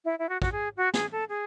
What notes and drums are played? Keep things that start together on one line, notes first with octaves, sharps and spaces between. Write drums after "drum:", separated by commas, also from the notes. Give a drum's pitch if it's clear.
E4
E4
F#4
F#4, drum: kick
G#4
F#4
G#4, drum: snare
A4
G#4